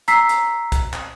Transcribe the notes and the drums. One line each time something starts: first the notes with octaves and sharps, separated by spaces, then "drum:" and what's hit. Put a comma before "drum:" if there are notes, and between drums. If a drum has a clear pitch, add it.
A#5 E6 B6 C7, drum: hi-hat
drum: hi-hat
drum: kick B1, hi-hat
drum: clap